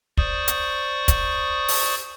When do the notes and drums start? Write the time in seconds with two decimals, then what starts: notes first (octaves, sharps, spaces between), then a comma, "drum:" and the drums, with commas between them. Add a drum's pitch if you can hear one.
0.17 C5 D5 C#6 D#6, drum: kick
0.48 drum: hi-hat
1.08 drum: kick, hi-hat
1.68 drum: open hi-hat